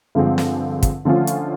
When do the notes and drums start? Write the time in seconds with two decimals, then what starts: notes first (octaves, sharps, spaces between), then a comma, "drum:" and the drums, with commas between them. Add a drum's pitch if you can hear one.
0.15 G2 D3 F3 G#3 C4
0.38 drum: snare
0.83 drum: kick, hi-hat
1.05 D3 F3 A3 C#4 F4
1.27 drum: hi-hat